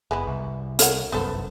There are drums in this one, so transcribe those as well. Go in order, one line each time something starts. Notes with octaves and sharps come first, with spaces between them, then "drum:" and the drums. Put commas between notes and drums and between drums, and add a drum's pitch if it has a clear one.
F#1 G#3 B3 E4
C2
A#4 C#5 F#5, drum: hi-hat
G1 C2 F#2 B3 A4 C5